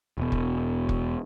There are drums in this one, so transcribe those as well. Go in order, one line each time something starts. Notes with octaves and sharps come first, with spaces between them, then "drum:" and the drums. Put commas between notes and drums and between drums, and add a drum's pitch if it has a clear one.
E1 B2
drum: kick
drum: kick